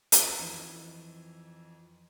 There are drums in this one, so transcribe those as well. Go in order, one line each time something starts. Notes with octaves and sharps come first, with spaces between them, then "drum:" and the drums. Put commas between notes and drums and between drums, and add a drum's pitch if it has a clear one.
drum: hi-hat
F2 E3 D#4